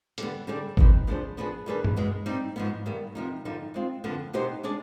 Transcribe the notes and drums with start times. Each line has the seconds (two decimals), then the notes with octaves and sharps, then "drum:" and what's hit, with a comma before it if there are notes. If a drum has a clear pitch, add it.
0.18 D3 G3 B3, drum: hi-hat
0.47 D3 G3 D4 G#4 D5
0.77 F3 C4 D#4 B4, drum: kick G#1
1.07 F3 B3 D4 G#4 C5
1.37 F3 B3 D4 G#4 B4
1.66 D#3 G3 D4 G#4 B4
1.84 drum: tom G2
1.96 B2 G#3 B3
2.26 G3 C4 D#4
2.56 G#2 F3 B3
2.86 G2 D#3 G3 B3
3.15 C3 F3 B3 D#4
3.45 G2 D3 F3 B3 D#4
3.74 G#3 C4 F4
4.04 F2 D3 F3 B3
4.33 B2 B3 D#4 G4 C5
4.63 G#3 D4 G#4 D5